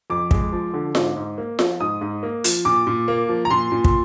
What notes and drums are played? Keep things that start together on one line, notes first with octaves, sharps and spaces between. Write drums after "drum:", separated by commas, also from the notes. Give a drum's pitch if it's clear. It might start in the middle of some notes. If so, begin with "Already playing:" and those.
F2 D6
G#3, drum: kick
F3
D3
G#2, drum: snare F4
G#2
A#3
F3, drum: snare F4
G#2 D#6
G#2
A#3
F3, drum: hi-hat
A#2 D6
A#2
A#3
F3
A#5
A#2 C6
A#2
drum: kick